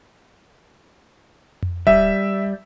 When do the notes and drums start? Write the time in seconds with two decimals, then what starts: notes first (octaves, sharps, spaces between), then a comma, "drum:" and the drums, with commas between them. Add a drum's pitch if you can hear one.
1.63 drum: tom F2
1.87 G3 E5, drum: kick D1